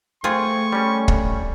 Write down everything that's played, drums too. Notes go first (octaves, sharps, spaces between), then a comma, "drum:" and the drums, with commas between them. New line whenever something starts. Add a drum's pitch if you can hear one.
A3 C4 F4 G#4 C#6
G3 C#4
drum: kick